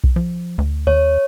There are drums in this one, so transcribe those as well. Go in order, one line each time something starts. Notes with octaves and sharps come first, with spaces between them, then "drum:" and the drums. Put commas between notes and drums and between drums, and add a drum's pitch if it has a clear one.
drum: kick B1
F3
D2
D#2 C#5